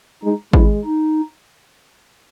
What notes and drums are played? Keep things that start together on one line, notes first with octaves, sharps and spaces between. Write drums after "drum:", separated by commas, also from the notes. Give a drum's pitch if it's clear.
G#3 D#4
G#3 E4, drum: kick G#1
D#4